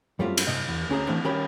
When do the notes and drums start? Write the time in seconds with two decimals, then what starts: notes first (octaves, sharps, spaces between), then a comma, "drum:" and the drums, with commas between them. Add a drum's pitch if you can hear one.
0.19 F#2 G3 A3 C4 F4
0.37 drum: cymbal
0.47 G2 C3 D#5
0.68 E2
0.90 D2 C#4 G#4 A#5
1.07 E3 A3 C4 D4
1.24 D#3 G3 C#4 A#4 G5 B5